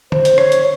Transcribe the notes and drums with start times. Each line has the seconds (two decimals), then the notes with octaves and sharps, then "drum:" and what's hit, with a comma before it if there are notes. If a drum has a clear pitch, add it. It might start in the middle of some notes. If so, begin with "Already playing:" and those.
0.12 C5, drum: tom D3
0.25 drum: hi-hat
0.38 C#5, drum: rim click
0.52 drum: hi-hat